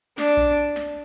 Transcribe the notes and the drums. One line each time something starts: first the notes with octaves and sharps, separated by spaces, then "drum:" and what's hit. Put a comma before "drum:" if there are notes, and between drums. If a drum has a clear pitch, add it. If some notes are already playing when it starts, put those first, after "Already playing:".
D4, drum: snare
drum: kick A#1
drum: snare